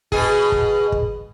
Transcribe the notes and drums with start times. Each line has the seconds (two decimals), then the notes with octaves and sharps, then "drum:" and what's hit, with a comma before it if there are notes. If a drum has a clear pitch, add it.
0.12 B2 G#4, drum: kick
0.52 drum: kick
0.92 drum: kick